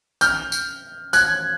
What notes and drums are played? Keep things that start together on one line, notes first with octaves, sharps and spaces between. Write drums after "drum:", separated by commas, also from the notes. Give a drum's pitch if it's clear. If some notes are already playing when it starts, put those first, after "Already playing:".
F6 G6, drum: tambourine
drum: tambourine
F#6 G#6, drum: tambourine